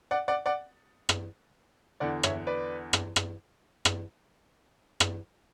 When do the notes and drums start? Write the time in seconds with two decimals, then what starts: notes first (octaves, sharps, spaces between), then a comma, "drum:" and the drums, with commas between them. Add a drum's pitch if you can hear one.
0.11 D5 F#5
0.28 D5 F#5
0.46 D5 F#5
1.09 drum: rim click
2.00 E2 D3 D5 F#5
2.23 C#5 E5, drum: rim click
2.47 B4 D5
2.93 drum: rim click
3.16 drum: rim click
3.85 drum: rim click
5.00 drum: rim click